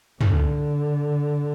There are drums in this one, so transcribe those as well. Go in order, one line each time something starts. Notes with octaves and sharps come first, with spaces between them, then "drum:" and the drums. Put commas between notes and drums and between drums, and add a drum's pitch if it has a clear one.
D3, drum: tom